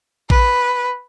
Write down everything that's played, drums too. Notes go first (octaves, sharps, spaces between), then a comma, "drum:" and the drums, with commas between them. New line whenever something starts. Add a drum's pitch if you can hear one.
B4, drum: kick A1